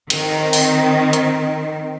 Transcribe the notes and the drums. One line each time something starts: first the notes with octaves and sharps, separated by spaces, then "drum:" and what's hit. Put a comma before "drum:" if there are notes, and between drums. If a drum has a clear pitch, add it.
D#3 C4, drum: cymbal
drum: open hi-hat
drum: hi-hat